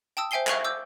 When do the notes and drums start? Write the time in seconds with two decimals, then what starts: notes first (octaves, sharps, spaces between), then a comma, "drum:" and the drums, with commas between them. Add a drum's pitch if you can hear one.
0.17 G5 A5 D#6 E6
0.31 C5 E5 G5 G#5 C7 G7
0.47 E5 F5 C#6 G#6 F7 F#7, drum: clap
0.64 D6 E6 G6